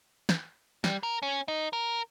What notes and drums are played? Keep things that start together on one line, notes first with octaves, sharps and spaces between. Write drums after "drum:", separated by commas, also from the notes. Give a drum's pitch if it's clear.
drum: snare
G3, drum: snare
A#4
C#4
D#4
A#4